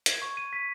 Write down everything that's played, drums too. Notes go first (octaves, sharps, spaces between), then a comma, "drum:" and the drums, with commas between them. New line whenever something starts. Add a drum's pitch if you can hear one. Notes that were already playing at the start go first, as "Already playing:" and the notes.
G#6, drum: hi-hat
C#6
D#7
B6